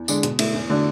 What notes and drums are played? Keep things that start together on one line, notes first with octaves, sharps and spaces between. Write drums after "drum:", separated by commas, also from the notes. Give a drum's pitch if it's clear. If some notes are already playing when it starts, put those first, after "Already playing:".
Already playing: E2
D3 G#3 D4, drum: tambourine
B2, drum: hi-hat
A3 E4, drum: cymbal
E2
D3 A3 D4 F#4